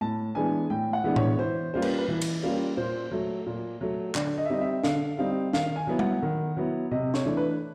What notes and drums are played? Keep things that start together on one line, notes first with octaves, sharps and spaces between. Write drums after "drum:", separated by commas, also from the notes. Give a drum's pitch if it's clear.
A2 A5
E3 G#3 B3 D4 G#5
A2 G5
F#5
E3 G#3 B3 D4
C#5, drum: tom A2
E3 C5
G3 A#3 C#4 F4 C5
B4, drum: cymbal
B4
E3
drum: cymbal
G3 A#3 C#4 F4
A#2 C5
F#3 A3
A#2
F#3 A3
D3 D5, drum: clap
D#5
E5
G3 C4 D#4 D#5
E5
D3 F5, drum: snare
G3 C4 D#4 F5
D#3 F5, drum: snare
G#5
F#3 B3 E4
F#5, drum: tom G3
D#3
F#3 B3 E4
C3 D#5
C#5, drum: snare
E3 A3 D4
B4